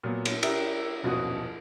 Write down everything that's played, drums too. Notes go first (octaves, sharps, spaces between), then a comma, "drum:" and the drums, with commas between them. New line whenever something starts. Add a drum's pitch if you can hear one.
A#2 F#3 B3
drum: cymbal
G4 A#4 E5, drum: cymbal
D#1 F#2 B2 F3 F#4 D#6